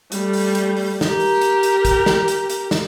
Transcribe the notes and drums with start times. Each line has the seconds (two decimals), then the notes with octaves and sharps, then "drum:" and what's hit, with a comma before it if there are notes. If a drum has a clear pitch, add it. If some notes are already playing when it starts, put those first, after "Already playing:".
0.12 G3 A3, drum: hi-hat
0.33 drum: open hi-hat
0.55 drum: hi-hat
0.77 drum: open hi-hat
1.01 G4 A#4, drum: snare
1.20 drum: open hi-hat
1.41 drum: hi-hat
1.63 drum: hi-hat
1.85 drum: kick, hi-hat
2.06 drum: snare
2.28 drum: hi-hat
2.50 drum: hi-hat
2.71 drum: snare